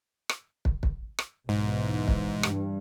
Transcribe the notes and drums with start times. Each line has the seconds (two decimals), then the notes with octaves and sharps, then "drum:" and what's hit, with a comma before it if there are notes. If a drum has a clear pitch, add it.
0.29 drum: rim click
0.65 drum: kick
0.83 drum: kick
1.19 drum: rim click
1.49 B1 G#2 E3
2.08 drum: kick
2.43 G2, drum: rim click